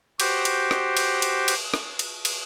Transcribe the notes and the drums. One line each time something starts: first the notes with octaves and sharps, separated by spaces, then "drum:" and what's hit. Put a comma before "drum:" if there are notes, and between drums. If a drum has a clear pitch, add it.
F#4 G4 C5, drum: cymbal
drum: cymbal
drum: rim click
drum: cymbal
drum: cymbal
drum: cymbal
drum: rim click
drum: cymbal
drum: cymbal